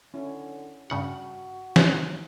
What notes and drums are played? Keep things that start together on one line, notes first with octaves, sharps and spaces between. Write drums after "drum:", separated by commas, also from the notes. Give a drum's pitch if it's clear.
D3 C#4 E4
G2 C#3 F#4 F#5
D#4 C5, drum: snare